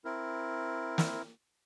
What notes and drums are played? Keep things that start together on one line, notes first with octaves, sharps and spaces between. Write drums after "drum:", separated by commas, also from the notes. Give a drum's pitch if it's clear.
C4 E4 A#4
drum: snare